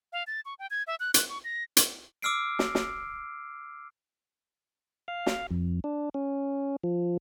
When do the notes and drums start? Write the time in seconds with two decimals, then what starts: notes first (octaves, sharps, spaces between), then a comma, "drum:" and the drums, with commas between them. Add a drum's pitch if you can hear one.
0.13 F5
0.27 A6
0.45 C#6
0.59 G5
0.71 G#6
0.87 E5
1.00 F#6
1.14 F#6, drum: hi-hat
1.29 C#6
1.44 A#6
1.77 drum: hi-hat
2.22 D6 E6 F6 C7 D7
2.59 drum: snare
2.75 drum: snare
5.08 F5
5.26 drum: snare
5.51 F2
5.84 D4
6.14 C#4
6.84 F3